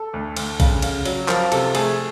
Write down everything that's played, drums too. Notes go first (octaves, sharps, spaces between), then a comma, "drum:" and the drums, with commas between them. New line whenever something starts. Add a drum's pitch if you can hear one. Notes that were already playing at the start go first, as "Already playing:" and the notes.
Already playing: A4
D2
D2, drum: cymbal
C#3, drum: kick A#1, cymbal
C#3, drum: cymbal
F#3, drum: cymbal
F3 A#4, drum: clap
C3 A4, drum: cymbal
A3 G#4, drum: cymbal